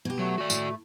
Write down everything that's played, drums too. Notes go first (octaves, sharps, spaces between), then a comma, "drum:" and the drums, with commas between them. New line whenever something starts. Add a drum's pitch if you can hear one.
B2 G4
F#3 A3
F#4 D5
A2, drum: tambourine